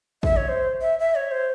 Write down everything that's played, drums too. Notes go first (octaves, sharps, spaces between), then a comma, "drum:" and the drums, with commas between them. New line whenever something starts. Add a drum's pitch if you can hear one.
E5, drum: kick
C#5
C5
E5
E5
C#5
C5